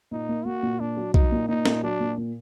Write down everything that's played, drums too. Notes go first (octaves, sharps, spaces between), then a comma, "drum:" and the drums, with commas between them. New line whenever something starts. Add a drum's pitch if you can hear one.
A#2 D#4
A#3
A#3 F#4
A#2
A#2 D4
F#3
F#3 D#4, drum: kick B1
A#2
A#2 D#4
A#2, drum: snare
F#3 D4
A#2
A#2